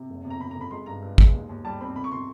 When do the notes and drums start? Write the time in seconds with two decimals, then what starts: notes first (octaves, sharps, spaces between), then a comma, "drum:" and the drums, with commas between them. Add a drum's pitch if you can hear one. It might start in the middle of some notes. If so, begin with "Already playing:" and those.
Already playing: C3
0.09 F#1
0.25 C3
0.30 A#5
0.40 C3 B5
0.51 A#5
0.56 C3
0.61 B5
0.71 G#3 C6
0.86 G2 A#5
1.02 G2
1.18 G#3, drum: kick
1.33 D#2
1.49 D#2
1.65 G3 A5
1.81 C4 B5
1.96 C3 B5
2.04 C#6
2.12 C3 C6